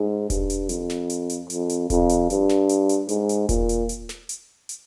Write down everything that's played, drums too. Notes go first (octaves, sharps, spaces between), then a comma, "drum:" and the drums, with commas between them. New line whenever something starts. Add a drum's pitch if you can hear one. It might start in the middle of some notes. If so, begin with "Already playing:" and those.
Already playing: G#2
G2, drum: kick E1, hi-hat
drum: hi-hat
F2, drum: hi-hat
drum: snare
drum: hi-hat
drum: hi-hat
F2, drum: hi-hat
drum: hi-hat
F2, drum: kick E1, hi-hat
drum: hi-hat
G2, drum: hi-hat
drum: snare
drum: hi-hat
drum: hi-hat
G#2, drum: hi-hat
drum: hi-hat
A#2, drum: kick E1, hi-hat
drum: hi-hat
drum: hi-hat
drum: snare
drum: hi-hat
drum: hi-hat